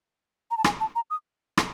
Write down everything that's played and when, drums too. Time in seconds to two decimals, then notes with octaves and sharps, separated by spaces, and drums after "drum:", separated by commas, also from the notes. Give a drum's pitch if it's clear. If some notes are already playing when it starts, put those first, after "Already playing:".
0.51 A#5
0.58 A5
0.64 G#5, drum: rim click
0.80 A5
0.95 A#5
1.10 D#6
1.57 drum: rim click